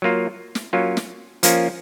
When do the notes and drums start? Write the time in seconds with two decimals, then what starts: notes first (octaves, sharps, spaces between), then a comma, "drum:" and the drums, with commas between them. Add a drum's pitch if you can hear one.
0.02 F#3 A#3 F4
0.55 drum: snare
0.73 F#3 A#3 C#4 F4
0.97 drum: snare
1.43 F3 A#3 C#4 F4, drum: hi-hat